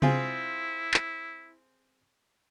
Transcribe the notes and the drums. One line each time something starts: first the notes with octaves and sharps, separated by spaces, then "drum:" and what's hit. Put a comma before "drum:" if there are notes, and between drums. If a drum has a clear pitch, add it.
C4 E4 F4 G#4, drum: tom C3
drum: clap